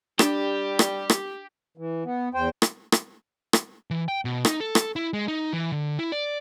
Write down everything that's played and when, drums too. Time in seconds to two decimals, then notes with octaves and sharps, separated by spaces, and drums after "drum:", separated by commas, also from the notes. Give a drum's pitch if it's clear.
0.19 G3 D4 G4, drum: rim click
0.79 drum: rim click
1.10 drum: rim click
1.78 E3
2.05 B3
2.34 E2 C5 G5
2.62 drum: rim click
2.92 drum: rim click
3.53 drum: rim click
3.91 E3
4.08 G5
4.25 B2
4.45 D#4, drum: rim click
4.61 A4
4.75 drum: rim click
4.96 E4
5.13 G#3
5.28 D#4
5.53 E3
5.72 D3
5.99 E4
6.12 D5